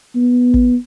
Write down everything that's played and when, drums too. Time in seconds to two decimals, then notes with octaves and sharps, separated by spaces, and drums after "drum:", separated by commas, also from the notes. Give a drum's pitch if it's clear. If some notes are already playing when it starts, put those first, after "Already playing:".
0.15 B3
0.54 drum: kick